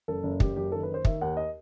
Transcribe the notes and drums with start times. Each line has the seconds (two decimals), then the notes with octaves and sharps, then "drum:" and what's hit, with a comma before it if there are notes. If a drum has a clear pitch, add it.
0.08 F#1 A4
0.23 F#1
0.40 F#1 G4, drum: kick
0.56 F#1 G4
0.72 D#3 A4
0.83 B4
0.89 D#3
0.94 C5
1.05 D#3 E5, drum: kick
1.21 D#2 F#5
1.37 D#5